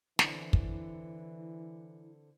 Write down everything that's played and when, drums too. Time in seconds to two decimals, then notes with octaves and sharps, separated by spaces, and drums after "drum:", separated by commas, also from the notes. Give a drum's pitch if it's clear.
0.19 D3 E3 C4 E4, drum: snare
0.53 drum: kick